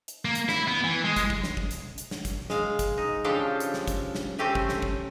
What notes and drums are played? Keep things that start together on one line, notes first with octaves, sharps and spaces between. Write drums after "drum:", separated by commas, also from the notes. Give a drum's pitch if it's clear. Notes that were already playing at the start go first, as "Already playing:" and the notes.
drum: hi-hat
A#3
drum: hi-hat
E4, drum: snare
B3
E3
G#3
drum: kick, hi-hat
drum: kick
drum: snare
drum: kick
drum: hi-hat
drum: hi-hat
drum: snare
drum: kick, hi-hat
G#3 F5, drum: snare
drum: kick, hi-hat
D#4
C#3 F3 D4 F4 G4 A4
drum: hi-hat
drum: snare
drum: kick, hi-hat
drum: snare
C3 A3 C4 C#4 G4 G#5
drum: kick
drum: snare
drum: kick